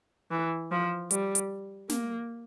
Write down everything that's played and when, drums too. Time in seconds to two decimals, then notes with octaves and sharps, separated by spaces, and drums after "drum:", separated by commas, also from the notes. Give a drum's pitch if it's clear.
0.31 E3
0.71 F3
1.11 G3, drum: hi-hat
1.35 drum: hi-hat
1.90 A#3, drum: snare